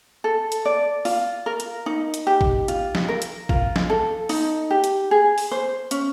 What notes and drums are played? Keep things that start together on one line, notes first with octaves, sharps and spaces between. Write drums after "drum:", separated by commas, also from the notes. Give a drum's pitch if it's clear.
A4
drum: hi-hat
D5
F4, drum: open hi-hat
A#4
drum: hi-hat
D#4
drum: hi-hat
G4
drum: kick A1
F4, drum: hi-hat
drum: snare
A#4
drum: hi-hat
F4, drum: kick A1
drum: snare
A4
D#4, drum: open hi-hat
G4
drum: hi-hat
G#4
drum: open hi-hat
C5
C#4, drum: hi-hat